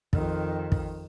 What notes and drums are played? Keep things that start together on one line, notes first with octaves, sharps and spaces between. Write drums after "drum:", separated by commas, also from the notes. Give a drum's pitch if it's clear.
F2 D#3, drum: kick
drum: kick